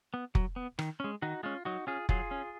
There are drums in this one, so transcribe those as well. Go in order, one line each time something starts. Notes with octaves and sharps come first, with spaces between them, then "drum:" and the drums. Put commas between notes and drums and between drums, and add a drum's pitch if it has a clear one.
B3
F#3, drum: kick F1
B3
D#3, drum: rim click
G#3 C#4
D#3 D#4 F#4
G#3 C#4 F4
F#3 D#4 F#4
C#4 F4 G#4
F#3 F4 G#4, drum: kick F1
C#4